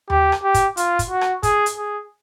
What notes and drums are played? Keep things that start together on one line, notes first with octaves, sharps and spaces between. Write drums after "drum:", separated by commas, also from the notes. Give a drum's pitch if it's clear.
G4, drum: tom D#2
drum: rim click
G4
drum: kick, hi-hat
F4, drum: hi-hat
drum: kick, hi-hat
F#4
drum: rim click
G#4, drum: kick, hi-hat
drum: hi-hat
G#4